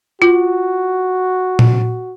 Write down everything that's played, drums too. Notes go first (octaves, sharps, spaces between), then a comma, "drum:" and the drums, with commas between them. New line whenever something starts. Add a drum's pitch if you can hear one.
F4 F#4
drum: tom A#2